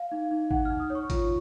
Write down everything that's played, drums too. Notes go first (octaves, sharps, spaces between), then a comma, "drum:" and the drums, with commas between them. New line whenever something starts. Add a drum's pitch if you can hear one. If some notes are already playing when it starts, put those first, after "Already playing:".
Already playing: F5
D#4
D#4
D#4 F#5, drum: kick G#1
D#4 F6
D#6
C#5
C#6
F4, drum: kick G#1, hi-hat